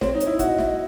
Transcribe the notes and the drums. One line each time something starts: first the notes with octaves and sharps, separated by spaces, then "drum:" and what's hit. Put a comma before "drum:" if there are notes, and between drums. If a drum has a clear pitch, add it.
C4 C#5, drum: snare
D#4
C#5, drum: hi-hat
E4
F#4 E5, drum: kick, hi-hat
D#5
E5, drum: snare
D#5